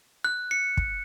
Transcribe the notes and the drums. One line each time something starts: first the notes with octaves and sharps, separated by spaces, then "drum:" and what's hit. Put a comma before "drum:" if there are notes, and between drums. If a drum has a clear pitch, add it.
F#6
C#7
drum: kick